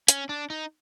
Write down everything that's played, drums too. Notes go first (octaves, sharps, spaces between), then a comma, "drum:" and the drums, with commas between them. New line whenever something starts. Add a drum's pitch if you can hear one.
C#4, drum: hi-hat
D4
D#4